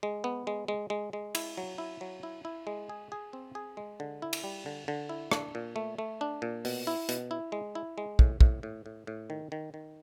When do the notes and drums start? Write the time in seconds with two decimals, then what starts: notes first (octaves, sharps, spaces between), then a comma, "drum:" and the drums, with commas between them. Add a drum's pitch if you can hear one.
0.03 G#3
0.24 B3
0.47 G#3
0.68 G#3
0.90 G#3
1.13 G#3
1.35 E4, drum: cymbal
1.57 F#3
1.78 E4
2.01 F#3
2.23 E4
2.45 E4
2.67 G#3
2.89 G#4
3.12 G#4
3.33 C4
3.55 G#4
3.77 G#3
4.00 D3
4.22 E4
4.33 drum: cymbal
4.44 G3
4.66 D3
4.88 D3
5.09 E4
5.32 D4, drum: rim click
5.55 A#2
5.76 A3
5.99 A3
6.21 D4
6.42 A#2
6.65 B2, drum: open hi-hat
6.87 E4
7.09 B2, drum: hi-hat
7.31 E4
7.52 G#3
7.75 E4
7.98 G#3
8.19 A2, drum: kick
8.41 A2, drum: kick
8.63 A2
8.86 A2
9.07 A2
9.30 D#3
9.52 D#3
9.74 D#3